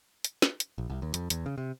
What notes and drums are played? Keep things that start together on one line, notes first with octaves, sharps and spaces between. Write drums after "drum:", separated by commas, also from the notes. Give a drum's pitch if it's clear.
drum: hi-hat
drum: snare
drum: hi-hat
A#1
C2
D#2
F2, drum: hi-hat
E2, drum: hi-hat
C#3
C3